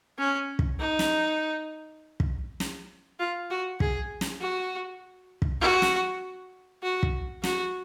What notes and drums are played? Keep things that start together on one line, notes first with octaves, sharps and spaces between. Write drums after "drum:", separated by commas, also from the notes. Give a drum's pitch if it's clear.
C#4
drum: kick
D#4
drum: snare
drum: kick
drum: snare
F4
F#4
G#4, drum: kick
drum: snare
F#4
drum: kick
F#4
drum: snare
F#4
drum: kick
F#4, drum: snare